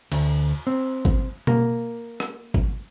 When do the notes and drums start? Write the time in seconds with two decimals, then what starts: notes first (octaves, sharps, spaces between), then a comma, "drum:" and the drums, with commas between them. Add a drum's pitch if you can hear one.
0.12 D2, drum: cymbal
0.67 C4
1.05 drum: kick
1.47 A#3, drum: tom B2
2.20 drum: rim click
2.54 drum: kick